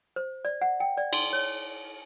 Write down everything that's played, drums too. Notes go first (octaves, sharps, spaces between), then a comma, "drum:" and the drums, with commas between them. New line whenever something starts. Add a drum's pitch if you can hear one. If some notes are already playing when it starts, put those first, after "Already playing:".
C5
D5
F#5
G5
D5
C6, drum: cymbal
C#5